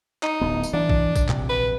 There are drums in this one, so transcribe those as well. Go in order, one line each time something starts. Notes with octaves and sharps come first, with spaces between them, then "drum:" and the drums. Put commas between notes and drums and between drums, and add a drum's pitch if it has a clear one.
D#4, drum: clap
D1 B3
drum: tambourine
E3 D4
drum: kick
drum: kick, tambourine
A#1 C3, drum: clap
B4